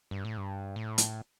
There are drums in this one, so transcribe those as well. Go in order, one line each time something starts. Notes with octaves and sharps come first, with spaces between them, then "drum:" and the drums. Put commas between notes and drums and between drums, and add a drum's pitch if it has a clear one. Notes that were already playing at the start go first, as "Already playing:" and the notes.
G2
A2
G2
A2
drum: hi-hat